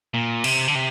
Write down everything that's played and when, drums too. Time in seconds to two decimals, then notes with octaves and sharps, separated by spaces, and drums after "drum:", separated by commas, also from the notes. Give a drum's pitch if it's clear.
0.14 A#2
0.44 C3, drum: cymbal
0.68 D3
0.75 C3